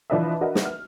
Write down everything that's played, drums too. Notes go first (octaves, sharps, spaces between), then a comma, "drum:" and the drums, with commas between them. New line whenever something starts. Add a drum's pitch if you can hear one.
E3 F3 D4 B4 D#5 E5
D4 F#4 A#4 B4 D#5 E5
drum: snare
F6